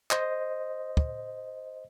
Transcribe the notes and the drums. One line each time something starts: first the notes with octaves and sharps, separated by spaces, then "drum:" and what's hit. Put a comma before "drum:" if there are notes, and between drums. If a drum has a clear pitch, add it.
C5 D#5, drum: clap
drum: kick